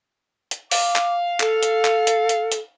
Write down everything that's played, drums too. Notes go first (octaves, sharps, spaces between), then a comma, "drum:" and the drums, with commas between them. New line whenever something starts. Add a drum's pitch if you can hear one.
drum: hi-hat
F5 D6, drum: open hi-hat
drum: clap
A4, drum: clap
drum: hi-hat
drum: clap
drum: hi-hat
drum: hi-hat
drum: hi-hat